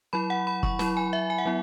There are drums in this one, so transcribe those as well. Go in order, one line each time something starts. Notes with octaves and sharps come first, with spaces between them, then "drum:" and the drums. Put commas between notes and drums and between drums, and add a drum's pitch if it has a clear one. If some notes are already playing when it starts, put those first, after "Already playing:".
F#3 E4 B5
F#5
B5
C#6, drum: kick
F#3 E4 B5, drum: snare
G#5
E5
G#5
F#5
F#3 B3 E4